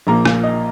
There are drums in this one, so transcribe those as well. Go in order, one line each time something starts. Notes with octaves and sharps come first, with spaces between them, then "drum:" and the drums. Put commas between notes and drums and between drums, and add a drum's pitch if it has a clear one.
A#1 A#2 F3 A#3 A#5
F5, drum: rim click
D#5